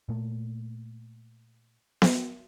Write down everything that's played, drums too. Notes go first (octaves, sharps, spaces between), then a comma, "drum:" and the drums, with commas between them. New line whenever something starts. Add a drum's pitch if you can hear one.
A#2 A3
drum: snare B3